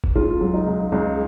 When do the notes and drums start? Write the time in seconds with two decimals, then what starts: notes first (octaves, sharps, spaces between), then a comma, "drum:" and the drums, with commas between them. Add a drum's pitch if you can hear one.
0.04 drum: kick F#1
0.15 C#2 F4
0.41 F#3
0.54 D#4
0.67 C#2
0.92 C#2 D#4